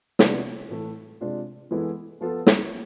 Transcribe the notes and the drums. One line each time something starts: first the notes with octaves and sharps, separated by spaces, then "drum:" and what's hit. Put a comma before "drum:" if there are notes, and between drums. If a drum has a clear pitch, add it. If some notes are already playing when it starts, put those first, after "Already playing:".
C3 F3 G#3 B3 D4, drum: snare
A2 E3 A3
C3 G#3 D4 F4
E3 G#3 B3 E4 A4
F3 B3 F4 A4
drum: snare